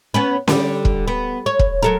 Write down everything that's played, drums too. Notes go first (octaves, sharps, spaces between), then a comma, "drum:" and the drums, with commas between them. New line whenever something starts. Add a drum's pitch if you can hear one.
B3 C#4 B4
D3 G3, drum: snare C#4
drum: kick
B3
C#5
drum: kick
F#3 A4 A#4